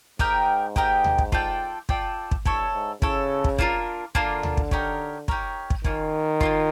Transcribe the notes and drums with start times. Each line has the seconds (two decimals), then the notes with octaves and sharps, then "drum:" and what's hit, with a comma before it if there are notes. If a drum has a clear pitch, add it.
0.19 G#2 G4 A#4 D#5 G5, drum: kick
0.76 G4 A#4 D#5 G5, drum: kick
1.04 drum: tom D2
1.18 drum: kick
1.32 F4 A4 D5 G5, drum: kick
1.89 F4 A4 D5 G5, drum: kick
2.31 drum: kick
2.46 G2 E4 A4 C#5, drum: kick
2.73 G#2
3.02 C#3 E4 A4 C#5, drum: kick
3.44 drum: kick
3.58 A#3 D4 F4 A#4, drum: kick
4.15 D3 A#3 D4 F4 A#4, drum: kick
4.43 drum: tom D2
4.57 drum: kick
4.71 D#4 G4 A#4 C#5, drum: kick
5.28 D#4 G4 A#4 C#5, drum: kick
5.70 drum: kick
5.84 D#3 A#3 C#4 F4, drum: kick
6.41 A#3 C#4 F4, drum: kick